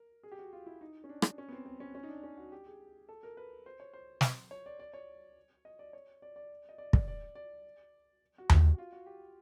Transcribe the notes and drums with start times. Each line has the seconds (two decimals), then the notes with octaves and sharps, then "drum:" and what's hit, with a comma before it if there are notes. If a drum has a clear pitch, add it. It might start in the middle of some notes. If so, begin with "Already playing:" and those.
Already playing: A#4
0.23 G#4
0.32 G4
0.39 F#4
0.53 F4
0.66 E4
0.81 D#4
1.04 C#4
1.09 D4
1.22 drum: rim click
1.38 C#4
1.48 B3
1.52 C4
1.66 C4
1.80 C#4
1.95 C#4
2.03 D#4
2.09 D4
2.23 C#4
2.37 F#4
2.52 G4
2.66 G#4
3.09 A4
3.23 A#4
3.37 B4
3.66 C5
3.80 C#5
3.93 C5
4.21 drum: snare
4.51 C#5
4.66 D5
4.79 D5
4.94 C#5
5.65 D#5
5.79 D5
5.93 C#5
6.22 D5
6.36 D5
6.69 D#5
6.78 D5
6.93 D5, drum: kick
7.08 D5
7.35 D5
8.38 F#4
8.49 G4, drum: tom D#2
8.74 F#4
8.78 F4
8.92 F#4
9.06 G4